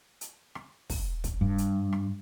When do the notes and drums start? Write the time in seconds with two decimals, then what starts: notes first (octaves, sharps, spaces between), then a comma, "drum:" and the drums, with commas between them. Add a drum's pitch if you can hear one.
0.21 drum: hi-hat
0.55 drum: rim click
0.90 drum: kick, open hi-hat
1.24 drum: kick, hi-hat
1.41 G2
1.58 drum: hi-hat
1.92 drum: rim click